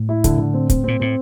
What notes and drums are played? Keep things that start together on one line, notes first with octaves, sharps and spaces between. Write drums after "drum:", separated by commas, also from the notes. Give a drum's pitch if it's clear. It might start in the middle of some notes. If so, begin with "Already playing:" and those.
Already playing: A2
E4
D3, drum: kick, hi-hat
D3
C4
C4, drum: kick, hi-hat
A#2 C4
A2 C4